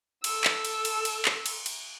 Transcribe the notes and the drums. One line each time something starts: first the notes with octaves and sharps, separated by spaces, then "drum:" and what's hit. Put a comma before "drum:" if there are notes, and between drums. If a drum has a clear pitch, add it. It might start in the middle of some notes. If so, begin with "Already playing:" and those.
A4 E6, drum: cymbal
drum: clap
drum: cymbal
drum: cymbal
drum: cymbal
drum: clap
drum: cymbal
drum: cymbal